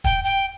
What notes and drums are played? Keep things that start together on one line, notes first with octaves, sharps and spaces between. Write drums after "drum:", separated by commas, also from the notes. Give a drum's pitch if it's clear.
G5, drum: kick
G5